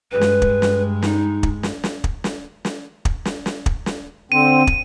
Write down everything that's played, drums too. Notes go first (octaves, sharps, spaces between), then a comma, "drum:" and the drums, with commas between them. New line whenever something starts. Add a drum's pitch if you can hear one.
G2 G#3 B4
drum: snare
drum: kick
drum: snare
D#4, drum: snare
drum: kick
drum: snare
drum: snare
drum: kick
drum: snare
drum: snare
drum: kick
drum: snare
drum: snare
drum: kick
drum: snare
D3 C4 D#7
drum: kick